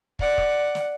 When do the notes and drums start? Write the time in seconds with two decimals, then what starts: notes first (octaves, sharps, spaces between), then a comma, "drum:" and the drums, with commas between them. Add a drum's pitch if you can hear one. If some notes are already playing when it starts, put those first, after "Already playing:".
0.19 D5 F#5, drum: kick
0.38 drum: kick
0.75 drum: snare